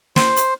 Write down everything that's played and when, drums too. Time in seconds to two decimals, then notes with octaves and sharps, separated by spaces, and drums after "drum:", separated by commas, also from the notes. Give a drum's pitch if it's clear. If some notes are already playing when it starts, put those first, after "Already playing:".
0.16 C5, drum: snare
0.36 drum: hi-hat